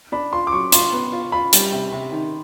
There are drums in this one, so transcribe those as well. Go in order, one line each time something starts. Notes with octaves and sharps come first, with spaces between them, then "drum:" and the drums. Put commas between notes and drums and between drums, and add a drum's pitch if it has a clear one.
D4 B5
F4 C6
D6
F#3 C#6
F4 C6, drum: hi-hat
B3
F4
F4 B5
G3, drum: hi-hat
C3
C3
D#3